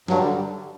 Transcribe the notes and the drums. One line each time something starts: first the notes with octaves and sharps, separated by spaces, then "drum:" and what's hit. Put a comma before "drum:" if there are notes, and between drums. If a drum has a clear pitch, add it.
G2 F#3, drum: snare
G3
D3